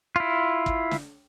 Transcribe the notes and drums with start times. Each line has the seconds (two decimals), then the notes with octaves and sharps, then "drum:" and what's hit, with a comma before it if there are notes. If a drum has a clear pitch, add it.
0.16 E4 F4
0.66 drum: kick
0.91 drum: snare